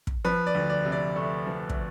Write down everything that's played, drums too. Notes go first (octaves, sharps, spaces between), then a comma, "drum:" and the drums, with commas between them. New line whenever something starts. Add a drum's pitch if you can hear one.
drum: kick
F3 B4
D5
D2
D5
C3
D5
A3
F3
drum: kick